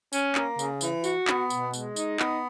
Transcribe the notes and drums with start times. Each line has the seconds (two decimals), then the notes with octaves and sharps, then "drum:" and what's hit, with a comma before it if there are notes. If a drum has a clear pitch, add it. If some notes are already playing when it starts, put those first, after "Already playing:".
0.13 C#4, drum: tambourine
0.35 A#3, drum: clap
0.59 C#3, drum: tambourine
0.81 E3, drum: tambourine
1.04 F#4, drum: tambourine
1.28 B3, drum: clap
1.50 B2, drum: tambourine
1.73 G#3, drum: tambourine
1.96 D#4, drum: tambourine
2.20 B3, drum: clap